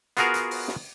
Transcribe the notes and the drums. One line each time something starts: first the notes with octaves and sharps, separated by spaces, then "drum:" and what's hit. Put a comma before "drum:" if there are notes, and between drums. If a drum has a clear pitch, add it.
B3 F4 F#4 G#4 A#4 F5, drum: hi-hat
drum: hi-hat
drum: open hi-hat
drum: snare